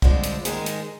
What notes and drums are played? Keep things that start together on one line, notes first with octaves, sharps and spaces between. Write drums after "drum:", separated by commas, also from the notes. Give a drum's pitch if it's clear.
G2 D3 F3 G#3 C4, drum: kick
drum: hi-hat
G#2 D#3 G#3 D#4 G#4, drum: hi-hat
drum: hi-hat